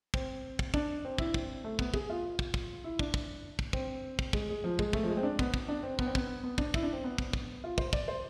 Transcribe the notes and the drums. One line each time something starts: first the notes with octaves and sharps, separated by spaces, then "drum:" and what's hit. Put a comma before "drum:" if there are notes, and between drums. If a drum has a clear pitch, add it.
C4, drum: kick
drum: kick
D4, drum: kick
C4
E4, drum: kick
C4, drum: kick
A3
B3, drum: kick
G#4, drum: kick
F4
drum: kick
drum: kick
E4
D4, drum: kick
drum: kick
drum: kick
C4, drum: kick
drum: kick
G#3, drum: kick
G#3
F3
G#3, drum: kick
A3, drum: kick
F3
G#3
C4
D4
B3, drum: kick
drum: kick
D4
C4
B3, drum: kick
C4
B3, drum: kick
B3
D4, drum: kick
E4, drum: kick
D4
C4
B3
drum: kick
drum: kick
F4
C5, drum: kick
D5, drum: kick
C5